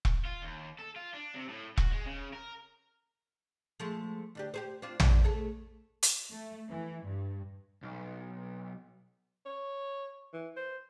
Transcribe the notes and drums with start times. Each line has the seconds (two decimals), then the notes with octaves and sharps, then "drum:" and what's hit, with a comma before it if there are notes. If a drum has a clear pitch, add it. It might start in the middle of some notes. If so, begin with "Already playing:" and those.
0.05 drum: kick E1
0.25 F4
0.42 D#2
0.79 A4
0.96 F4
1.14 D4
1.35 C3
1.48 A2
1.77 F#4, drum: kick E1
1.92 G#3
2.07 C#3
2.34 A#4
3.80 F3 G#3 A3
4.35 D2 D4 G4
4.54 G4 G#4 C5
4.82 C4 D4 F4
5.00 G3 D4, drum: tom
5.24 A3 G#4 A4
6.03 drum: hi-hat
6.31 A3
6.68 E3
7.05 G2
7.83 B1
9.46 C#5
10.33 E3
10.57 C5